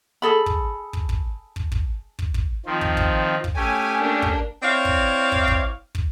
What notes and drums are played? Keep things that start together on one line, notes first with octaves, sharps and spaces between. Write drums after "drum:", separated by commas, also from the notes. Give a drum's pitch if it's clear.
G#4 A4 B5
drum: kick
drum: kick
drum: kick
drum: kick
drum: kick
drum: kick
drum: kick
D#3 F3 C4
drum: kick
drum: kick
drum: kick
A3 C#4 G4 G#5
A#3 D4
drum: kick
C4 E4 C#5 D5 F5
drum: kick
drum: kick
drum: kick
drum: kick